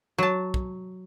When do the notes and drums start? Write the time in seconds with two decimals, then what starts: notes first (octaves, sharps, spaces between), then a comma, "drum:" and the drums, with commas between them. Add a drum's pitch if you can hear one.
0.18 F#3 A5
0.54 drum: kick